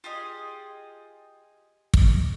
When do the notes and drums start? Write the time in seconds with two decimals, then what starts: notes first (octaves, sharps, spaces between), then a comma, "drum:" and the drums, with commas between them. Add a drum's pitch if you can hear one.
0.04 F4 G4 G#4 D#5
1.94 drum: kick